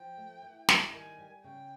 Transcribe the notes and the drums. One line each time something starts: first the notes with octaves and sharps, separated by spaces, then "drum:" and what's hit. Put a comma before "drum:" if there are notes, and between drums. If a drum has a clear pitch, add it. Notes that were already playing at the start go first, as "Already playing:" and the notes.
Already playing: F3 G5
A3
E3
G3, drum: snare
D#3 G#5
G3
C#3 G5